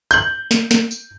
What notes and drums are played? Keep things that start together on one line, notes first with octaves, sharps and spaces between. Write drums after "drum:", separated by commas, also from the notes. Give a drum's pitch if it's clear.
G6 F#7, drum: tambourine
drum: snare
drum: snare
drum: tambourine